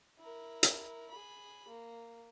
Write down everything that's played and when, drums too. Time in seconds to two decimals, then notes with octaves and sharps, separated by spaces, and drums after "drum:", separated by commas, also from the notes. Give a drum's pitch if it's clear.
0.19 E4 A#4
0.63 drum: hi-hat
1.10 G#4 B5
1.68 A#3